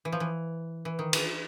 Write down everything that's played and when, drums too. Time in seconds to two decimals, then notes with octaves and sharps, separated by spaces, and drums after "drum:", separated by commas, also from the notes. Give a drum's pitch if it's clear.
0.05 E3
0.12 F3
0.20 E3
0.85 E3
0.99 D#3
1.13 E3, drum: cymbal